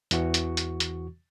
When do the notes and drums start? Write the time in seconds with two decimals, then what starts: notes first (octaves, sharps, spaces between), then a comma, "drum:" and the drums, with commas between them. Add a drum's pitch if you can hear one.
0.11 E2 E3 F#4 C#6, drum: hi-hat
0.34 drum: hi-hat
0.57 drum: hi-hat
0.80 drum: hi-hat